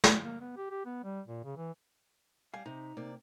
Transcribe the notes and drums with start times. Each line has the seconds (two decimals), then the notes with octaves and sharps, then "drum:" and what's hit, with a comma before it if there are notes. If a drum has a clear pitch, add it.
0.04 drum: snare
0.23 A#3
0.41 B3
0.57 G4
0.70 G4
0.86 B3
1.04 G3
1.28 A#2
1.44 C#3
1.57 E3
2.54 G3 F5 G#5
2.66 C3 D#4 A#5
2.97 C3 A#3 D5